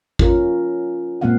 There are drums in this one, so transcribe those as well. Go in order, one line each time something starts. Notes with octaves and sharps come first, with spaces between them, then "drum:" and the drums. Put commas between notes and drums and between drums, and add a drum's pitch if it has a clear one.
C#4 F4 A#4, drum: kick
A#2 G#3 A#3 C4 F5 F#5